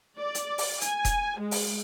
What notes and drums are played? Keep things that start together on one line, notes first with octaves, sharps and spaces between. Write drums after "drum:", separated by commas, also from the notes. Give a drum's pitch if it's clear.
D5
drum: hi-hat
drum: open hi-hat
G#5, drum: hi-hat
drum: kick E1, hi-hat
G#3
drum: open hi-hat